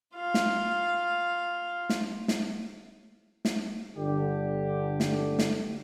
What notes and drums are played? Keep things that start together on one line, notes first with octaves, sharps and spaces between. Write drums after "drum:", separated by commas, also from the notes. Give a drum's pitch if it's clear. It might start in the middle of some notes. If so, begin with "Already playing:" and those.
F4 F5
drum: snare
drum: snare
drum: snare
drum: snare
G1 D3 G4
drum: snare
drum: snare